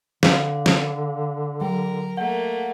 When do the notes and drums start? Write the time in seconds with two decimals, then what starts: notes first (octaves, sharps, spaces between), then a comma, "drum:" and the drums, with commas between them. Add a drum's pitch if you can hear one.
0.23 D3 F5, drum: snare
0.66 drum: snare
1.61 F#3 A#4
2.17 A3 A#3 F#5